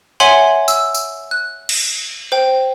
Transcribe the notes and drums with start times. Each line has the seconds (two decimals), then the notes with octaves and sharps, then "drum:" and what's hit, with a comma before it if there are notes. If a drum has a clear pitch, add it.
0.20 C#5 E5 F#5 G#5 C6 F#7
0.68 E6, drum: tambourine
0.95 drum: tambourine
1.31 F#6
1.69 drum: cymbal
2.32 C5 G5